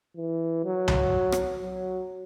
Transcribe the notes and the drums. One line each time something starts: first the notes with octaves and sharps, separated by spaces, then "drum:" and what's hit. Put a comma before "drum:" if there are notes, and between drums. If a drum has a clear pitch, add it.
E3
F#3
drum: tom C2
drum: rim click
F#3